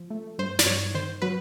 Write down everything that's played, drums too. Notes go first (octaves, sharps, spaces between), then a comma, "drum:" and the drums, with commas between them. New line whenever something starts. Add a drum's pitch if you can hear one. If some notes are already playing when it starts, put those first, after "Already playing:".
Already playing: F3
A3
G2 C5
D5, drum: snare
G2 C#5
D#3 C5
F#3 B4